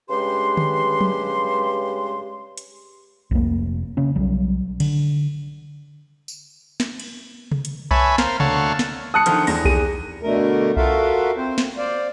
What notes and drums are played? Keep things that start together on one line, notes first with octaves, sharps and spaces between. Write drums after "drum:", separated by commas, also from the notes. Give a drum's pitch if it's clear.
G2 C#3 G#3 G4 B4 C6
drum: tom D3
drum: tom
drum: hi-hat
F1 A#3, drum: kick B1
C#3 A#3 C#4
B1 F#3 G3
D3, drum: cymbal
drum: tambourine
drum: snare
drum: cymbal
drum: tom C3
drum: hi-hat
B4 C#5 E5 G#5 A5 B5, drum: kick B1
A#4 C5 F5, drum: snare
D2 A4 C#5 F5 F#5 A5, drum: tom C3
drum: snare
A5 D#6 F#6 C#7
D3 D#3 F3, drum: hi-hat
E2 A#6, drum: open hi-hat
G#4 D#7, drum: kick B1
B2 D3 A3 A#4
F4 F#4 A4 A#4 E5 F5, drum: kick B1
C4 C5
drum: snare
C5 D5 F5